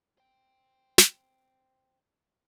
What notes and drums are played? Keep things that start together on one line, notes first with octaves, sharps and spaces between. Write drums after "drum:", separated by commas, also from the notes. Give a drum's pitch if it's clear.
C5 G5
drum: snare